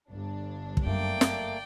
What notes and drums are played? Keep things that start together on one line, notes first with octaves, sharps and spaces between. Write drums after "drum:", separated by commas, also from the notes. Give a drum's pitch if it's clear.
G1 G2 D4
drum: kick
F#2 A3 A#3 D5 G5
drum: snare